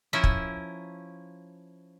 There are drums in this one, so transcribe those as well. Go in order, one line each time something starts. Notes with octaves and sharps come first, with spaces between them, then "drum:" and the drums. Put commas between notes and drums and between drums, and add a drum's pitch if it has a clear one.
F3 C#4 E4 A#4 E5
drum: kick